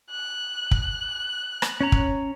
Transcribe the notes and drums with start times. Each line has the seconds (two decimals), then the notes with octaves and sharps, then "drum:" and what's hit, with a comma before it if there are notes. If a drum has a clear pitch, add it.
0.11 F#6
0.71 drum: kick
1.62 drum: rim click
1.81 C#4 C#5 A#5
1.92 drum: kick